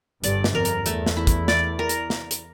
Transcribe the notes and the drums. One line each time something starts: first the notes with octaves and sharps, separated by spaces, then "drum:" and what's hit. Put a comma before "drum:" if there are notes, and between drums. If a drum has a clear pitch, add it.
G1 G2 D5, drum: hi-hat
drum: snare
F2 A#4
drum: hi-hat
E2 A3, drum: hi-hat
drum: snare
E4
drum: kick, hi-hat
D5, drum: snare
A#4
drum: hi-hat
drum: snare
drum: hi-hat